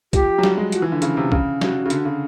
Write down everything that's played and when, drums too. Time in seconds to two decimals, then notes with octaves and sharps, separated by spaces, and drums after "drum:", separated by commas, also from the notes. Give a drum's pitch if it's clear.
0.13 F3 G4, drum: kick, hi-hat
0.38 F#3
0.43 G3, drum: snare
0.58 G#3
0.72 F3 F#4, drum: hi-hat
0.82 E3
0.92 D3
1.02 C#3, drum: hi-hat
1.17 C3
1.32 C#3, drum: kick
1.61 F#4, drum: snare
1.85 C#3
1.90 D3, drum: hi-hat
2.05 C#3